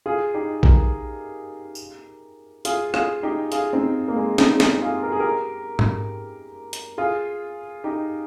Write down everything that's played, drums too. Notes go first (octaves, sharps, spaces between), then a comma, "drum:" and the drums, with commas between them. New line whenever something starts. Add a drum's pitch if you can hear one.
F4 G#4
D#4 G4
G4 A#4, drum: kick A#1
drum: tambourine
F4 G#4, drum: hi-hat
F4 G#4, drum: rim click
D#4 G4
F4 G#4, drum: hi-hat
C4 D#4
A#3
G#3
C4 D#4, drum: snare
D#4 G4, drum: snare
F4 G#4
A#4
G#4
G4 A#4
drum: tom G#2
drum: hi-hat
F4 G#4
D#4 G4